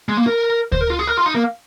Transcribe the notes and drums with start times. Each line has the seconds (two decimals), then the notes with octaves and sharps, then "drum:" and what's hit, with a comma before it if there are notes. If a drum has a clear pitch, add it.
0.09 G#3
0.17 A#3
0.27 A#4
0.72 C5, drum: kick D2
0.81 A#4
0.90 F4
0.99 G#4
1.07 A#4
1.17 F4
1.26 D#4
1.35 A#3